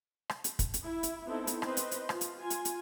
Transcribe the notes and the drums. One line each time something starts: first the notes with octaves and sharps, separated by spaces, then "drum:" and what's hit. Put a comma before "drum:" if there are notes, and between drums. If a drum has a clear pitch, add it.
drum: rim click
drum: hi-hat
drum: kick, hi-hat
drum: hi-hat
E4
drum: hi-hat
B3 C4 D#4 E4 A4
drum: hi-hat
C4 B4 C5 D#5, drum: rim click
drum: hi-hat
drum: hi-hat
F4, drum: rim click
drum: hi-hat
F4 G#5
drum: hi-hat
drum: hi-hat